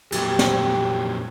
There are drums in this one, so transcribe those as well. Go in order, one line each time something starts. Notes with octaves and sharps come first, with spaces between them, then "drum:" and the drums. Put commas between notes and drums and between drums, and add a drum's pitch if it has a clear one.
F2 A#2 F#3 G4, drum: cymbal
drum: snare